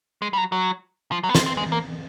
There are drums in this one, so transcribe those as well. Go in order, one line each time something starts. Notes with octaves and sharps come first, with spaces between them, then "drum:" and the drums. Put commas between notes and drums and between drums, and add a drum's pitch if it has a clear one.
G#3
G3
F#3
F#3
F3
F#3
B3
C4, drum: snare
C4
G#3
A#3